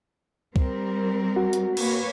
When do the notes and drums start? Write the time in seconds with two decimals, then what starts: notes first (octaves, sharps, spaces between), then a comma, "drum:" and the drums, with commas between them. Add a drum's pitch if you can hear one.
0.56 G3 C4 A#4, drum: kick
1.36 F#4
1.53 drum: hi-hat
1.77 A#3 B4 C#5, drum: cymbal